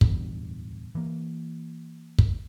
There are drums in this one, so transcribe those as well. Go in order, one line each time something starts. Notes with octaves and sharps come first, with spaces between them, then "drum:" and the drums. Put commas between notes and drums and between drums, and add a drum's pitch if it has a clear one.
D1 E2 G2 B2, drum: kick
E3 A#3
drum: kick